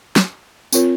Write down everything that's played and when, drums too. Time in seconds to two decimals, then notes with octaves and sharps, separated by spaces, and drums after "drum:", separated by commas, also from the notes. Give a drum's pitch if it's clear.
0.16 drum: snare
0.73 C4 F4 A#4 C#5, drum: tambourine